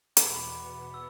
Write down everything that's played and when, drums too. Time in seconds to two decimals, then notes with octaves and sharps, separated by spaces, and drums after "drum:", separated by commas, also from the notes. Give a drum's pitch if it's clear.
0.17 E2 B2 B3 D6, drum: hi-hat
0.30 B5
0.43 D6
0.94 E6